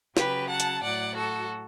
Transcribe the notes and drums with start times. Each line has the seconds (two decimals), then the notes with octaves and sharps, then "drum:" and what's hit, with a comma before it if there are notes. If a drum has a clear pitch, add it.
0.17 C#3 F#3 G4 B4, drum: snare
0.50 F#5 A5
0.60 drum: hi-hat
0.84 A2 F#3 D5 F#5
1.16 F#4 A4